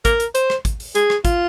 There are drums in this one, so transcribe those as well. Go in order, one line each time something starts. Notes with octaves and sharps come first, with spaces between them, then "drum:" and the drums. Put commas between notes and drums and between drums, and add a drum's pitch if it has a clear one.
A#4, drum: kick, hi-hat
drum: hi-hat
C5, drum: hi-hat
drum: rim click
drum: kick, hi-hat
drum: open hi-hat
G#4, drum: hi-hat
drum: rim click
F4, drum: kick, hi-hat